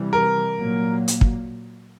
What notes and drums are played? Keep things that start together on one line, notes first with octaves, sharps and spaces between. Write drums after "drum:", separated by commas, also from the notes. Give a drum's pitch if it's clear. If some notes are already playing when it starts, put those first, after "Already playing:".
Already playing: C3 E3 G3
A#4
A#2 F#3 A#3
drum: hi-hat
drum: kick